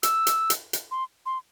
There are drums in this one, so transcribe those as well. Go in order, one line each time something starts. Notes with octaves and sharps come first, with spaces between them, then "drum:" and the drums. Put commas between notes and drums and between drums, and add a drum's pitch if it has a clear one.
E6, drum: hi-hat
drum: hi-hat
drum: hi-hat
drum: hi-hat
C6
C6